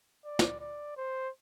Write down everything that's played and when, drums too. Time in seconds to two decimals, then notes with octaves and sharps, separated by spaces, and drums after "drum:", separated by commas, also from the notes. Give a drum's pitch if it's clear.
0.25 D5
0.39 drum: snare
0.60 D5
0.96 C5